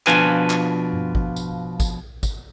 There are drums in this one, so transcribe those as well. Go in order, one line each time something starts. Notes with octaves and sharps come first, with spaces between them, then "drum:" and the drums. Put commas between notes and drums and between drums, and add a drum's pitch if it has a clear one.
B2 F3 D4 F4 B4 G#5, drum: clap
drum: clap
drum: tom G2
drum: kick
drum: tambourine
drum: kick, tambourine
drum: kick, tambourine